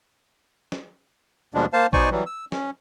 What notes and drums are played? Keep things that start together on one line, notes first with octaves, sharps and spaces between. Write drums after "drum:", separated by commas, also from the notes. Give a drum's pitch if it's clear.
drum: snare
D#2 B2 F3 G3 G#3 D4
A#3 C5 F5 A5
B2 D#4 C5 D5 G#5 C#6, drum: kick A1
E3 F#3 G3
E6
C#4, drum: snare